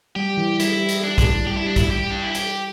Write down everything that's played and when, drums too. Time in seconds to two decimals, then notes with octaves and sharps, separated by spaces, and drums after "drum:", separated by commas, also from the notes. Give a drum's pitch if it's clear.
0.16 G3 G4
0.37 E3
0.60 G3 E4, drum: hi-hat
0.89 drum: hi-hat
1.04 D4
1.18 drum: kick A#1, hi-hat
1.47 G3 G4
1.57 E4
1.66 D4
1.76 E4, drum: kick A#1, hi-hat
1.91 G4
2.11 D4
2.23 E4
2.35 G4, drum: hi-hat